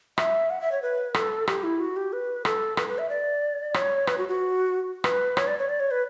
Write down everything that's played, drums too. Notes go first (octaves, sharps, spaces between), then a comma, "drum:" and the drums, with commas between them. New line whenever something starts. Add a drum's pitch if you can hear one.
E5, drum: rim click
F#5
E5
C#5
B4
A4, drum: rim click
G4, drum: rim click
E4
F#4
G4
B4
A4, drum: rim click
B4, drum: rim click
B4
E5
D5
C#5, drum: rim click
B4, drum: rim click
F#4
F#4
B4, drum: rim click
C#5, drum: rim click
D5
C#5
D5
C#5
B4